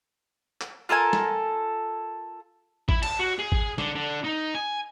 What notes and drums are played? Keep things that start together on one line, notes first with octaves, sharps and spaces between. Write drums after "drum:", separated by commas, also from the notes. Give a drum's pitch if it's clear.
drum: clap
F4 A4 A#4 G#5
drum: snare
E4, drum: kick G#1
A5, drum: cymbal
F#4
G#4
drum: kick G#1
D3, drum: snare
D3
D#4
G#5